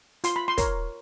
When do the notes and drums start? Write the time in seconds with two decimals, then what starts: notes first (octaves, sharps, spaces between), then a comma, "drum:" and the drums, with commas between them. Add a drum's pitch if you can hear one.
0.24 F4 C6, drum: hi-hat
0.36 B5
0.48 C6
0.58 A#4 C#5, drum: kick, hi-hat